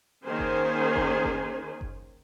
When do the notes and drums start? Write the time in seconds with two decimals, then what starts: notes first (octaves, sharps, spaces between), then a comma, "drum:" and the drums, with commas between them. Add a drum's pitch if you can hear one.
0.25 D#3 A#3 C#4 G#4 C5 G#5
0.39 drum: kick F#1
0.96 drum: kick F#1
1.24 drum: kick F#1
1.81 drum: kick F#1